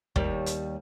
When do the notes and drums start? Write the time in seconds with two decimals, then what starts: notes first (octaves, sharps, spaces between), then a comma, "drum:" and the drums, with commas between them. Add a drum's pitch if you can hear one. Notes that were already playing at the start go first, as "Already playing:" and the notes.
0.16 D#2 G3, drum: kick
0.46 drum: hi-hat